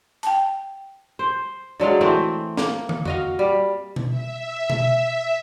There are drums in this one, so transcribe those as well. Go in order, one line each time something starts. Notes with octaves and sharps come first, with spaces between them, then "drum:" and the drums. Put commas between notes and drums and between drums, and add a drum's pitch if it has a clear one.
G5 A5, drum: hi-hat
C5
D3 F#3 G#3 F5
E3 A3 C4
A#3, drum: snare
drum: tom
F#4 D#5 F5, drum: tom E2
G3
drum: tom B2
E5
drum: tom B2